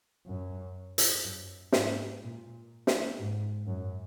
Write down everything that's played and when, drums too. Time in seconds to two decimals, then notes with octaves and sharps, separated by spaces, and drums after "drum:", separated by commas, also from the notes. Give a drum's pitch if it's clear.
0.26 F#2
0.98 drum: hi-hat
1.24 F#2
1.72 G#2, drum: snare
2.21 A#2
2.87 drum: snare
3.18 G#2
3.67 F#2